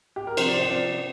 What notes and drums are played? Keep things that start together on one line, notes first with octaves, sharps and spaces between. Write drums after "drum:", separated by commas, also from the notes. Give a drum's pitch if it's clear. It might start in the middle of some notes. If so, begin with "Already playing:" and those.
G4
A#4
C3 F3 C5, drum: cymbal
D5
C5
C3 F3 D5